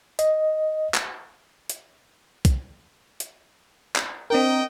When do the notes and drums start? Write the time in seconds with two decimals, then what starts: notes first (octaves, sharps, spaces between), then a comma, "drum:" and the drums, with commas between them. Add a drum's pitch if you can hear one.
0.19 D#5, drum: hi-hat
0.94 drum: clap
1.70 drum: hi-hat
2.45 drum: kick B1, hi-hat
3.20 drum: hi-hat
3.96 drum: clap
4.30 C4 D4 A#4 D#5 G5